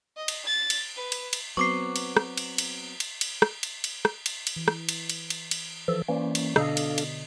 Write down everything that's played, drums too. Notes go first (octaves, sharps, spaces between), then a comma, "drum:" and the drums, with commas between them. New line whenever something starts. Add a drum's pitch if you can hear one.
D#5
drum: cymbal
A6
drum: cymbal
B4
drum: cymbal
drum: cymbal
F#3 B3 C4 C#6 D6 C7
drum: cymbal
drum: rim click
drum: cymbal
drum: cymbal
drum: cymbal
drum: cymbal
drum: rim click
drum: cymbal
drum: cymbal
drum: rim click
drum: cymbal
drum: cymbal
E3
drum: rim click
drum: cymbal
drum: cymbal
drum: cymbal
drum: cymbal
E3 F3 A4
E3 A#3 C#4 C5 D5
drum: cymbal
B2 D3 D4 A4 D#5 F5, drum: rim click
drum: cymbal
drum: cymbal